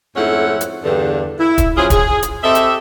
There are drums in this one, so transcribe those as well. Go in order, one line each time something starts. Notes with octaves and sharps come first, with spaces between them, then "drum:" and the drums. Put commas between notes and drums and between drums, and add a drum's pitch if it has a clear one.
F2 G#2 A3 C#4 E4 F#5
drum: hi-hat
E2 G2 D3
E4
drum: kick, hi-hat
F3 F#3 C#4 F4 G#4
G#4, drum: kick, hi-hat
drum: hi-hat
C4 G4 A4 D#5 E5
drum: hi-hat